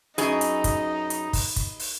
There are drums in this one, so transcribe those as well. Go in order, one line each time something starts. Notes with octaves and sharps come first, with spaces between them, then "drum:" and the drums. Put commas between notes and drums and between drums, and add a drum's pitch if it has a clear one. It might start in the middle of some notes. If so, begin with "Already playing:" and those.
F#2 D#4 G#4 B4 D#5, drum: hi-hat
drum: hi-hat
drum: kick, hi-hat
drum: hi-hat
drum: kick, open hi-hat
drum: kick, hi-hat
drum: open hi-hat